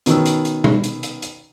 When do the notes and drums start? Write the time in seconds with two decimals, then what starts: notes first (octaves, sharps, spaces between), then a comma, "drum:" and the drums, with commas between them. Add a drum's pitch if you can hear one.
0.06 B2 D#3 B3 C#4 E6, drum: hi-hat
0.25 drum: hi-hat
0.45 drum: hi-hat
0.64 drum: tom
0.84 drum: hi-hat
1.03 drum: hi-hat
1.22 drum: hi-hat